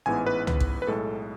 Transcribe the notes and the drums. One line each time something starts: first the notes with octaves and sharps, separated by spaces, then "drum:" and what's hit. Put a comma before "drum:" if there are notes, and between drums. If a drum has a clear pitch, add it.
A1 G#2 E3 B3 G#5
B4
B4, drum: tom
drum: kick A1
B4
B1 A2 G#3 A4